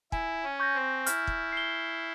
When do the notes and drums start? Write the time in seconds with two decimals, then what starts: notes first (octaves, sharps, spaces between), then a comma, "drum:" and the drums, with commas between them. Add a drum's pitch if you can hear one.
0.12 E4 G#5, drum: kick
0.44 C#4
0.60 C#6 G6 A#6
0.75 C4
1.06 E4 F6, drum: hi-hat
1.27 drum: kick
1.52 C7 G7